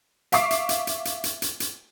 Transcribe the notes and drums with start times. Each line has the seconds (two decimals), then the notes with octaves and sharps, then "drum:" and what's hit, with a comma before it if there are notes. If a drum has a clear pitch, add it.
0.32 E5 F5 C#6 D6 C7, drum: hi-hat
0.51 drum: hi-hat
0.69 drum: hi-hat
0.87 drum: hi-hat
1.05 drum: hi-hat
1.24 drum: hi-hat
1.42 drum: hi-hat
1.60 drum: hi-hat